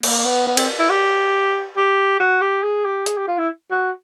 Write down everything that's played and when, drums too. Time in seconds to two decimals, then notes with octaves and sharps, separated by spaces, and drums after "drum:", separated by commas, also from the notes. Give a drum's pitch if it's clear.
0.03 A#3, drum: cymbal
0.25 B3
0.47 B3
0.57 C4, drum: cymbal
0.79 E4
0.90 G4
1.77 G4
2.20 F#4
2.41 G4
2.63 G#4
2.85 G4
3.06 G#4, drum: hi-hat
3.18 G4
3.28 F4
3.38 E4
3.71 F#4